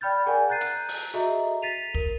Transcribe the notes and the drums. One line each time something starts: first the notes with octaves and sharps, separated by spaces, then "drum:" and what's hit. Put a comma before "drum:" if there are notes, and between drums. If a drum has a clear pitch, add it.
D5 G5 B5 F6 G6 A6
G#4 A#4 D5 F#5 G#5
A#5 F#6 G6 A6 C7 D#7
drum: hi-hat
drum: open hi-hat
F#4 G#4 A4 D#5 E5 A#5
A6 B6 C7 D#7 F7
A#4, drum: kick